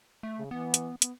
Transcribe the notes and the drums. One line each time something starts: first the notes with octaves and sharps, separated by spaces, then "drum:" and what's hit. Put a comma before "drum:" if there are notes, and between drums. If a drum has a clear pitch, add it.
A3
C#3
E3 B3
drum: hi-hat
B3, drum: hi-hat